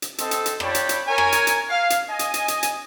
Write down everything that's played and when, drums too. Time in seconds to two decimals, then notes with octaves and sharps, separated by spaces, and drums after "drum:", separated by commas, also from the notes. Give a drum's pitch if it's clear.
0.02 drum: hi-hat
0.18 C4 A4 D#5, drum: hi-hat
0.31 drum: hi-hat
0.46 drum: hi-hat
0.60 F4 C#5 D5 G5 A5 B5, drum: rim click
0.75 drum: hi-hat
0.89 drum: hi-hat
1.07 A#4 C#5 G#5
1.18 drum: rim click
1.32 drum: hi-hat
1.47 drum: hi-hat
1.69 F5
1.90 drum: hi-hat
2.09 D#5 G#5
2.19 drum: hi-hat
2.34 drum: hi-hat
2.48 drum: hi-hat
2.63 drum: hi-hat